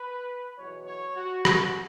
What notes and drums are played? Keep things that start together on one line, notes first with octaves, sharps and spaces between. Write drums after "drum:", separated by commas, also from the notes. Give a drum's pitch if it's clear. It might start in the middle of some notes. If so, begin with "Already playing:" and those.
Already playing: B4
E2 B2 F#3 C#5
C#5
F#4
F#4, drum: rim click